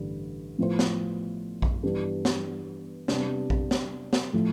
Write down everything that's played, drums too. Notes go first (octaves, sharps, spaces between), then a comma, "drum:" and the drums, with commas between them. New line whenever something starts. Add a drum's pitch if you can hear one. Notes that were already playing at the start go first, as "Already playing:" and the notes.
Already playing: A1 G2 D3 G3
A2 F3 B3 F4 C5
drum: snare
drum: kick A#1
G2 E3 B3 D4 G4
drum: snare
C3 G3 B3 D4, drum: snare
drum: kick A#1
drum: snare
drum: snare
A2 F3 A3